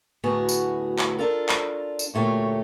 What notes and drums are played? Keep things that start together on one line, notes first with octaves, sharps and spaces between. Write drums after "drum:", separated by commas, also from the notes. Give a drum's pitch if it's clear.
D2 A2 B3 F#4 G#4
drum: tambourine
drum: clap
D4 F4 A4 A#4
drum: clap
drum: tambourine
D2 A#2 A3 G4 C#5